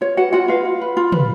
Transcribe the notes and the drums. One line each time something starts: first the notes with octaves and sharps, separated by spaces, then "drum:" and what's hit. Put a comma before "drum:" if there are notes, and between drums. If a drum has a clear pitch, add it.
F4 C#5
F#4 B4 F#5
F4 F#4 F#5
F4 B4 F5
F4
B4
F4
B4, drum: tom